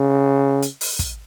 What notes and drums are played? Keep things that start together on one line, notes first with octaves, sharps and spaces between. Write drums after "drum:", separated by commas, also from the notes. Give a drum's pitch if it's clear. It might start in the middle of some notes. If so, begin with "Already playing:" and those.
Already playing: C#3
drum: hi-hat
drum: open hi-hat
drum: kick, hi-hat